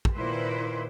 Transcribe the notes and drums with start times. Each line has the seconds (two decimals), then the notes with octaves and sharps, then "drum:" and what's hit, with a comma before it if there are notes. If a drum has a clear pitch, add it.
0.05 drum: kick
0.14 A#2 D#3 E4 B4 C5